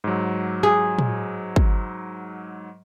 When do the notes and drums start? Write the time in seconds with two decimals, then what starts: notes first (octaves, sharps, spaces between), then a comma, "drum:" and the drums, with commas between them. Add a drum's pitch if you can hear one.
0.04 G#2 F#3
0.63 G#4
0.98 drum: tom
1.56 drum: kick